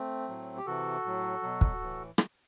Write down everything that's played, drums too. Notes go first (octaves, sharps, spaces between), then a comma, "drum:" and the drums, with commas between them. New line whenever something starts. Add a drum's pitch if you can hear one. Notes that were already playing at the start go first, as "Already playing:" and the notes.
Already playing: A3 C4
A2 F#3
G4
C3 E3 F#4 A4
A2 F#3
B2 F#3
drum: kick
A2 E3
drum: rim click